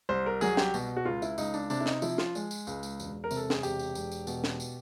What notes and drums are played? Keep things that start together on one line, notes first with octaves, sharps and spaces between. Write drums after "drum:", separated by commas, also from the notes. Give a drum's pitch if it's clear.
C2 C5
A#4
F#3 G#4, drum: tambourine
G4, drum: snare
B2, drum: tambourine
F#4
C#2 F4
E4, drum: tambourine
C#2 D#4, drum: tambourine
D4, drum: tambourine
C3 D4, drum: tambourine
E4
D#4, drum: snare
F3 E4, drum: tambourine
F4, drum: snare
G#3, drum: tambourine
drum: tambourine
C#2, drum: tambourine
drum: tambourine
E1, drum: tambourine
A#4
C3, drum: tambourine
A4
G#4, drum: snare
E1 G4, drum: tambourine
drum: tambourine
E1, drum: tambourine
drum: tambourine
B2, drum: tambourine
drum: snare
drum: tambourine